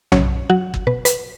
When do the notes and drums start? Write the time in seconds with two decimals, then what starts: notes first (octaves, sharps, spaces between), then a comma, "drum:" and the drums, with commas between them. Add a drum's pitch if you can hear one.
0.12 F#3 C#4 C#5, drum: tom B1
0.50 F#3 F#4 F#5
0.74 drum: kick G1
0.87 B2 B4
1.05 B4, drum: hi-hat